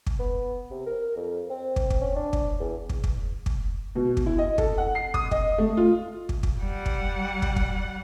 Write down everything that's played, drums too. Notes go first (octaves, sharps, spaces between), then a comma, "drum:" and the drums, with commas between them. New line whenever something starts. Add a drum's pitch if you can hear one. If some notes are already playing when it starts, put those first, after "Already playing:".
drum: kick
B3
C3
A#4
F2
C4
drum: kick
drum: kick
C#4
D4
drum: kick
E2
drum: kick
drum: kick
drum: kick
B2
drum: kick
E4
D#5
A4, drum: kick
F#5
C7
D#6, drum: kick
D#5, drum: kick
A3
F4
drum: kick
drum: kick
G3 F#5
drum: kick
drum: kick
drum: kick